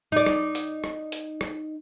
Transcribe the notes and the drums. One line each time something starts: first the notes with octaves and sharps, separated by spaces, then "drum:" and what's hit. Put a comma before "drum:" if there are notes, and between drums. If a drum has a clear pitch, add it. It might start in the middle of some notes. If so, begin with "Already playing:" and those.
D#4 D5
drum: rim click
drum: hi-hat
drum: rim click
drum: hi-hat
drum: rim click